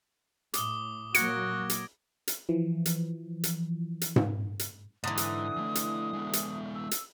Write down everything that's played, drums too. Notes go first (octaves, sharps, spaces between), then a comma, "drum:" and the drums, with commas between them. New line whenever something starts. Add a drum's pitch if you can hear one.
A2 D6 D#6 G7, drum: hi-hat
A#2 F#3 A#3 F#4 G#6 A#6 C#7 D7, drum: hi-hat
drum: hi-hat
drum: hi-hat
E3 F3
drum: hi-hat
drum: hi-hat
drum: hi-hat
drum: tom G#2
drum: hi-hat
G#2 D3 E3 A#5 D#6
drum: hi-hat
F3 A3
drum: hi-hat
G#3 B3
drum: hi-hat
E6
drum: hi-hat